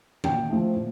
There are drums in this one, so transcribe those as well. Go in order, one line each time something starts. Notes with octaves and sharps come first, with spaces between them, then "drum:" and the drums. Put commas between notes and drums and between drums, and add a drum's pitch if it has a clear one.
A#2 G5, drum: tom D#3
F3 A3
A#2